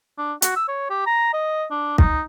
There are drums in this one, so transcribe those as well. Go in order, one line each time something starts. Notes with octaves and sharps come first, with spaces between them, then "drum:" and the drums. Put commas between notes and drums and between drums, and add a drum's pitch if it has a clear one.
D4
F#4, drum: hi-hat
E6
C#5
G4
A#5
D#5
D4
D#4, drum: kick